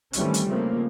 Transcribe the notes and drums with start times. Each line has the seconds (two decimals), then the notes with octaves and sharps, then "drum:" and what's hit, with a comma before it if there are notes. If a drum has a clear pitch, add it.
0.13 D#3 E3 G3 A3 C4 C#4, drum: hi-hat
0.34 drum: hi-hat
0.48 C#3 F3 A3 A#3 C4